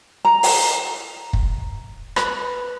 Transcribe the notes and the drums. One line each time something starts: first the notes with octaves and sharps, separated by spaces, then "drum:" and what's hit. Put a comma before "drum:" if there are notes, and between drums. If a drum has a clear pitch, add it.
A#5
drum: open hi-hat
drum: kick
B4, drum: rim click